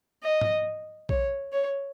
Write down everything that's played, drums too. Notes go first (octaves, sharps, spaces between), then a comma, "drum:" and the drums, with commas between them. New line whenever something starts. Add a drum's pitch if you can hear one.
D#5
drum: tom G#2
C#5, drum: kick A#1
C#5